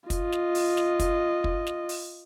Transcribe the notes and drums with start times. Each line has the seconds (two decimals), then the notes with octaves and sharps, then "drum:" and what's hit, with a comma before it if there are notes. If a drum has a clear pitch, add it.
0.10 F4 D#5, drum: kick, hi-hat
0.32 drum: snare
0.55 drum: open hi-hat
0.77 drum: snare
0.99 drum: kick, hi-hat
1.44 drum: kick
1.67 drum: snare
1.89 drum: open hi-hat